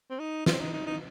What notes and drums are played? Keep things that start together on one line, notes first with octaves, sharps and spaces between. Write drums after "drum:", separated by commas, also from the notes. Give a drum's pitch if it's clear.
C4
D#4
F4, drum: snare
C4
D#4
D#4
D#4